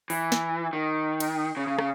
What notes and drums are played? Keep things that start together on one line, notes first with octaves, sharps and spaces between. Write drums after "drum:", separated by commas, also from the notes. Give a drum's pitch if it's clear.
E3, drum: open hi-hat
drum: snare
D#3
drum: cymbal
C#3
C#3
C#3, drum: rim click